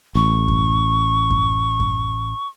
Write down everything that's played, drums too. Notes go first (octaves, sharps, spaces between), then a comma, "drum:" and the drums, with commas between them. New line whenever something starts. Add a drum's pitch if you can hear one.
A1 C#6
drum: kick F#2
drum: kick F#2
drum: kick F#2